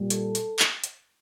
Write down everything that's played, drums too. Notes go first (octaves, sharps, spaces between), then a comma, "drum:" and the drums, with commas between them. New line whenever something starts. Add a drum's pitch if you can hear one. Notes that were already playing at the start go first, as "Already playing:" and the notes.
Already playing: A#2 G3
A4, drum: hi-hat
drum: hi-hat
drum: clap
drum: hi-hat